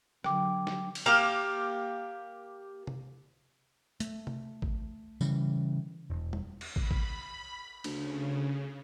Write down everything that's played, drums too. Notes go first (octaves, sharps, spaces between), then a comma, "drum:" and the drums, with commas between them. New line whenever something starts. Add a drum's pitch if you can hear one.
D3 F#3 G5 D6, drum: rim click
drum: snare
drum: cymbal
A#3 G4 F5
drum: tom C3
A3, drum: hi-hat
drum: tom C3
drum: kick
C#3 E3 G3, drum: tambourine
E1
drum: tom
drum: cymbal
B5, drum: kick
drum: kick
D2 C#3, drum: cymbal